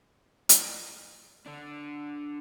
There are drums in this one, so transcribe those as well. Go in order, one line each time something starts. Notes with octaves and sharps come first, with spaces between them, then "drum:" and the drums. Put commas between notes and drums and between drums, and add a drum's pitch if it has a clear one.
drum: hi-hat
D3 D4